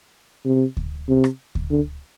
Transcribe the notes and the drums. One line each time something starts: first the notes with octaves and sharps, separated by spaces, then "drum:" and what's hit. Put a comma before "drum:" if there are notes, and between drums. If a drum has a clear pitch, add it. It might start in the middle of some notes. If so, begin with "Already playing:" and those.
C3
drum: kick D2
C3
drum: rim click
drum: kick D2
D3